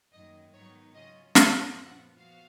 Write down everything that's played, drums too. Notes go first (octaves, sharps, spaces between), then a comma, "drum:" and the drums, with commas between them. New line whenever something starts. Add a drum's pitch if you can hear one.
F#2 D#3 A#3 D#5
G#2 D#3 F#3 B3 D#4 C#5
C#3 F#3 C#4 F4 D#5
F#2 C#3 F#3 C#4 F5, drum: snare
A#2 F3 B3 F4 F#5
F3 B3 F#4 F5